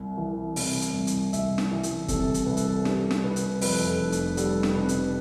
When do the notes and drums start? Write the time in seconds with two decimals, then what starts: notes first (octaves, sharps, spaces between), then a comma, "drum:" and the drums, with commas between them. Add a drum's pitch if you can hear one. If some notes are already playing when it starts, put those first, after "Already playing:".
Already playing: C2
0.17 E3
0.56 C3, drum: open hi-hat
0.82 drum: hi-hat
0.94 C2
1.07 drum: hi-hat
1.33 C2 E5, drum: hi-hat
1.58 drum: snare
1.71 E3
1.83 drum: hi-hat
2.08 C3 A4, drum: kick, hi-hat
2.34 drum: hi-hat
2.46 C2 B4
2.57 A4, drum: hi-hat
2.66 B4
2.85 G3 A4, drum: snare
3.11 drum: snare
3.23 C3 B4
3.36 drum: hi-hat
3.61 F2 B4, drum: open hi-hat
3.73 A4
3.95 A4
4.00 F1
4.12 drum: hi-hat
4.37 G3 A4, drum: hi-hat
4.63 drum: snare
4.75 C3 B4
4.89 drum: hi-hat